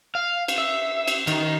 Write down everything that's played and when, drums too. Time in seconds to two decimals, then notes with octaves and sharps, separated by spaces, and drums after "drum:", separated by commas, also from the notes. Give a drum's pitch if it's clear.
0.15 F5
0.48 drum: cymbal
0.58 E5
1.08 drum: cymbal
1.27 D#3, drum: cymbal